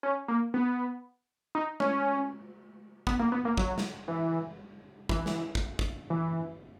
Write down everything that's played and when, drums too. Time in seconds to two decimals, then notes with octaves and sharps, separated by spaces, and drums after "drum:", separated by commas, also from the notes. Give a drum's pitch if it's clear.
0.03 C#4
0.28 A#3
0.54 B3
1.55 D#4
1.80 C#4, drum: tom G#3
3.07 B3, drum: kick
3.19 A#3
3.32 B3
3.45 A#3
3.57 F#3, drum: kick
3.78 drum: snare
4.08 E3
5.09 E3, drum: kick
5.26 drum: snare
5.55 drum: kick
5.79 drum: kick
6.10 E3